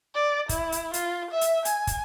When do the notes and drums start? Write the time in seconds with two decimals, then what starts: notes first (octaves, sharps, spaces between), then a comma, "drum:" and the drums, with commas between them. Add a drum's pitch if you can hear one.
0.14 D5
0.49 E4, drum: kick, hi-hat
0.72 drum: hi-hat
0.94 F4, drum: hi-hat
1.31 E5
1.41 drum: hi-hat
1.65 G#5, drum: hi-hat
1.87 drum: kick, hi-hat